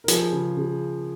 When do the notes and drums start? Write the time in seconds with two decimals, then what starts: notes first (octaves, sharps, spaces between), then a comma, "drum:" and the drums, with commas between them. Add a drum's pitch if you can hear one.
0.04 A#4
0.08 F3 G#4, drum: hi-hat
0.32 C#3
0.57 C#3